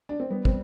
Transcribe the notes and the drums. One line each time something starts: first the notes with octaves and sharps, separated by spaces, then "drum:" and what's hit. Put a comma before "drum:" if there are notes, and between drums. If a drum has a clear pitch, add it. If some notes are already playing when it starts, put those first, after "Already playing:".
D4
C4
G3 B3
C4, drum: kick